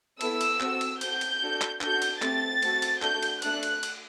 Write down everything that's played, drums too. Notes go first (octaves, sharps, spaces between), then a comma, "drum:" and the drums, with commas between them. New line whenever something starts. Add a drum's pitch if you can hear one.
B3 E4 A4 E6, drum: cymbal
drum: cymbal
C4 F#4 A4, drum: clap
drum: cymbal
C4 F#4 A4 G6, drum: cymbal
drum: cymbal
D4 F#4 A4
drum: clap
D4 F#4 A4 G6, drum: clap
drum: cymbal
A3 C4 G4 A6, drum: clap
A3 C4 F#4 A4, drum: cymbal
drum: cymbal
A3 D4 F#4 A4 G6, drum: clap
drum: cymbal
A3 D4 A4 F#6, drum: cymbal
drum: cymbal
drum: cymbal